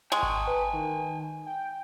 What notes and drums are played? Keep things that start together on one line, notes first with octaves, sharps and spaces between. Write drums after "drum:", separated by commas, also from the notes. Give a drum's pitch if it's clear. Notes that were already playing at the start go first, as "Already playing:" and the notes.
G#3 G5 G#5 C#6
drum: kick G#1
B4
D#3
G5